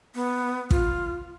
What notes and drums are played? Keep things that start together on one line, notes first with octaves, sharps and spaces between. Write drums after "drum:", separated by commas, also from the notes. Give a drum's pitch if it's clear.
B3
F4, drum: kick